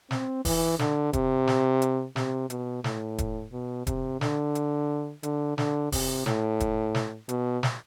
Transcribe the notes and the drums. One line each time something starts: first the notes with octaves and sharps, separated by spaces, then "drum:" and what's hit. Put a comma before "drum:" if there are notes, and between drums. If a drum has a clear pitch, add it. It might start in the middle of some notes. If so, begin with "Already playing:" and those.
C4, drum: snare
E3, drum: kick E1, open hi-hat
D3, drum: snare
C3, drum: kick E1, hi-hat
drum: snare
drum: hi-hat
C3, drum: snare
B2, drum: hi-hat
A2, drum: snare
drum: kick E1, hi-hat
B2
C3, drum: kick E1, hi-hat
D3, drum: snare
drum: hi-hat
D3, drum: hi-hat
D3, drum: snare
C3, drum: kick E1, open hi-hat
A2, drum: snare
drum: kick E1, hi-hat
drum: snare
B2, drum: hi-hat
drum: snare